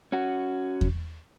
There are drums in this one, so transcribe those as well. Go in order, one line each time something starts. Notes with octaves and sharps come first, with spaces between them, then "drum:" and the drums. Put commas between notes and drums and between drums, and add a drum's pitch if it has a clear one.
C#4 F#4
drum: kick E2